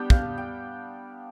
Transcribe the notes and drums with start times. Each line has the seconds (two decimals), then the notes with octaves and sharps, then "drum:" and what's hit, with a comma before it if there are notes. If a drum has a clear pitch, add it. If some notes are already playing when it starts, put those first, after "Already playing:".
Already playing: G3 B3 D4 G5
0.10 F5, drum: kick
0.38 G5